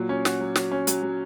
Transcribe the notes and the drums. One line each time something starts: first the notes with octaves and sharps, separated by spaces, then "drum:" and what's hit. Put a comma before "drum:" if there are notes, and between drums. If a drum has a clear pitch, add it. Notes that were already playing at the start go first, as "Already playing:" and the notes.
Already playing: A#2 F#3
C#4
F#4, drum: snare
F#3
F#3, drum: snare
C#4
F#3, drum: hi-hat
F#3